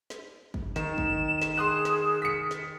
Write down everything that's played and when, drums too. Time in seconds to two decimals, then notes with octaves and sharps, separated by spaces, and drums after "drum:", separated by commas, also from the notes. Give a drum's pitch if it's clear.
0.10 drum: snare
0.54 drum: kick
0.76 D#3 E7, drum: snare
0.98 drum: kick
1.42 drum: snare
1.57 G#4 C6 D#6 F#6
1.85 drum: snare
2.22 B6 C#7
2.51 drum: snare